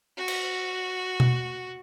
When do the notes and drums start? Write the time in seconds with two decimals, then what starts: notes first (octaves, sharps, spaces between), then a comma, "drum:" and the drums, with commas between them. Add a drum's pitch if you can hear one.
0.17 F#4
0.28 drum: cymbal
1.20 drum: tom B2